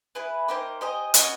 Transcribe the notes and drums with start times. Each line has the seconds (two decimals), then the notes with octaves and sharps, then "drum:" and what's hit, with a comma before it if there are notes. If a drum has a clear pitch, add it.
0.15 E4 G#4 B4
0.48 A#3 D#4 G4 C5
0.81 G4 C5 D#5 G#5
1.14 C#4 F#4 B4 D#5, drum: hi-hat